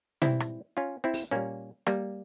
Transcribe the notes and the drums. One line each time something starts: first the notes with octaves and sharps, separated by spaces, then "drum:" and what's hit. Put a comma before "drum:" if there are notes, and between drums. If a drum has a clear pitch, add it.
G#2 E3 G3 C4 E4, drum: tom B2
drum: rim click
C#4 F4
C4 E4
drum: open hi-hat
A#2 G3 A#3 C#4
G3 A#3, drum: rim click